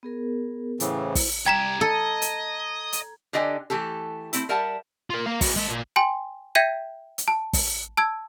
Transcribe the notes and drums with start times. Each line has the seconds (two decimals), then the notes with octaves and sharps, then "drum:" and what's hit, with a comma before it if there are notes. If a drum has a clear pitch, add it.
0.03 B3 G#4 A#4
0.80 A2 C#3 E3 E4 C5, drum: hi-hat
1.15 drum: kick, open hi-hat
1.46 C2 G3 G5 A#5 G#6 B6 E7
1.81 A4 D#5
2.22 drum: hi-hat
2.93 drum: hi-hat
3.33 D3 D4 G4 D#5 G5 G#5
3.70 E3 A3 G4 A4
4.33 A3 C4 E4, drum: hi-hat
4.49 G3 A#4 E5 F#5 A5
5.10 F4 A#4
5.26 A#3 F5
5.41 A#3 F#4, drum: kick, open hi-hat
5.56 G#3 A5
5.69 A#2
5.96 G5 G#5 C6
6.55 E5 G5 G6 G#6 B6 D#7
7.18 drum: hi-hat
7.28 A5
7.53 drum: kick, open hi-hat
7.97 A5 E6 G#6